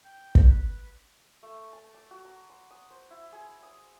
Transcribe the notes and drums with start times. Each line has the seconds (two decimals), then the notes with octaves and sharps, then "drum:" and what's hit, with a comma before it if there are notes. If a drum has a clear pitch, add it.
0.05 G5
0.35 drum: kick
0.50 B4
1.43 A3
1.73 A5
1.94 D6
2.11 F#4
2.25 A#5
2.50 C6
2.71 D#6
2.91 C5
3.11 E4
3.33 G#4
3.63 D#6